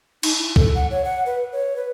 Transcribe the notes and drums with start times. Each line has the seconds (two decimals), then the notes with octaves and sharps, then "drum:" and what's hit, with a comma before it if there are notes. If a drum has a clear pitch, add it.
0.23 D#4, drum: cymbal
0.39 E4
0.56 A4, drum: kick
0.75 F#5
0.90 C#5
1.05 F#5
1.26 B4
1.53 C#5
1.76 B4